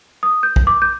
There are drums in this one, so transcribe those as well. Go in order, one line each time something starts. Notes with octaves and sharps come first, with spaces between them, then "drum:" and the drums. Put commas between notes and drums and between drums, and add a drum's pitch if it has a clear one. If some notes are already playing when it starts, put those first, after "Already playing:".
D#6
G6
drum: kick A#1
D6
G6